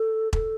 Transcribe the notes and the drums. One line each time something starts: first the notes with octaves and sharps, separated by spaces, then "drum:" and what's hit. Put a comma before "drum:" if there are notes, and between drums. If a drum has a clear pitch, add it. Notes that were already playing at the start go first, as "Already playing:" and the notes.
Already playing: A4
A4, drum: kick E1